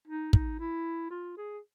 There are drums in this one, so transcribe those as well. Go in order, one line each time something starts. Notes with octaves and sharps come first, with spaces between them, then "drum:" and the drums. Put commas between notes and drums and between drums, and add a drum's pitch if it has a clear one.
D#4
D#4, drum: kick
E4
F4
G#4